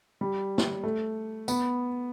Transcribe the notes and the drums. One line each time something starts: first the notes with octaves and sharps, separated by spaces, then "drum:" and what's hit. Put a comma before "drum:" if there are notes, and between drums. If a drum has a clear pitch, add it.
G3
drum: snare
A3
B3, drum: tambourine